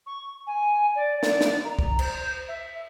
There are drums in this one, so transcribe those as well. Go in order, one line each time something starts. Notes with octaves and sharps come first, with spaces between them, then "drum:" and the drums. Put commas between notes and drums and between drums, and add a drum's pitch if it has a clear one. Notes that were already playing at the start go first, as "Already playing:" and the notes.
C#6
G#5
D5
D5, drum: snare
drum: snare
A#5
drum: kick
C5, drum: cymbal
E5